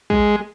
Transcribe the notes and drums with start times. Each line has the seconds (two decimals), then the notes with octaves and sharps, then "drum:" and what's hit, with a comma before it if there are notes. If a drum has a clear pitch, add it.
0.10 G#3, drum: kick